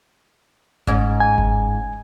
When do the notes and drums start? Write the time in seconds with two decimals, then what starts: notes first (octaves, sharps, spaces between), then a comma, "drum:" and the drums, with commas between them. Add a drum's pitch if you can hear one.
0.87 G#2 C#4, drum: kick G1
1.20 G#5
1.38 drum: kick G1